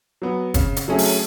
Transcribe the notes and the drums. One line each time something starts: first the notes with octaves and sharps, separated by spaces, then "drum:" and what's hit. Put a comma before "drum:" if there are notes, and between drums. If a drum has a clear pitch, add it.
F#3 B3
C#3, drum: kick, hi-hat
drum: hi-hat
F#3 A3 C#4 G#4
drum: open hi-hat